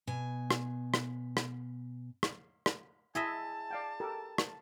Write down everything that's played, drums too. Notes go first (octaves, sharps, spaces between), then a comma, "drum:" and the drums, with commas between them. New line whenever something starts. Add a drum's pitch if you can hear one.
B2 G#5
drum: rim click
drum: rim click
drum: rim click
drum: rim click
drum: rim click
E4 G#4 D#5 E5 A5
D5 F5 G5
G4 A4 A#4
drum: rim click